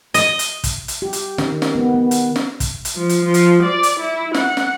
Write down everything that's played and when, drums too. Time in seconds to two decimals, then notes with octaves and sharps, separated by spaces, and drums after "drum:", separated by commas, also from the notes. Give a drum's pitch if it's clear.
0.14 D#5, drum: hi-hat
0.39 drum: hi-hat
0.64 drum: kick, hi-hat
0.88 drum: hi-hat
1.02 G4
1.13 drum: hi-hat
1.38 D#3, drum: snare
1.62 drum: snare
1.75 B3
1.94 B3
2.11 drum: hi-hat
2.36 drum: snare
2.60 drum: kick, hi-hat
2.85 drum: hi-hat
2.96 F3
3.09 drum: hi-hat
3.25 F3
3.34 drum: hi-hat
3.63 D5
3.83 drum: hi-hat
4.00 E4
4.34 F#5, drum: snare
4.57 drum: snare